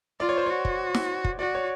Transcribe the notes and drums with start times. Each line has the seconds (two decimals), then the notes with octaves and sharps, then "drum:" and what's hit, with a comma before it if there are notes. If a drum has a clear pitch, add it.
0.20 F4 D5
0.29 C#5
0.37 C5
0.46 F#4 C#5
0.65 drum: kick
0.95 drum: snare
1.24 drum: kick
1.39 F#4 D5
1.55 C#5